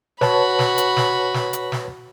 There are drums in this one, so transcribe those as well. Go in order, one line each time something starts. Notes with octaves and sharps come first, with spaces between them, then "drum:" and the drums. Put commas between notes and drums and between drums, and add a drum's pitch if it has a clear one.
F#4 B4 C#5 A5 B5, drum: snare
drum: snare
drum: hi-hat
drum: snare
drum: snare
drum: hi-hat
drum: snare